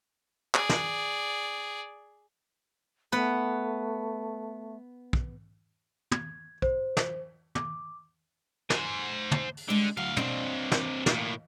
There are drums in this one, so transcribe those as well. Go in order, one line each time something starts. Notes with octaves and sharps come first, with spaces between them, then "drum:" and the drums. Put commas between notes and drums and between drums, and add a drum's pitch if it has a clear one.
G#4 D5, drum: clap
drum: snare
A3 B3 B4
drum: kick
G#6, drum: tom
C5, drum: kick
drum: snare
D6, drum: tom
C5 G#5, drum: snare
drum: tom
drum: open hi-hat
D3 G3 G#3
D2 F#3 F5
C4 D4 D#5 F5, drum: tom
drum: snare
A2 A#3, drum: snare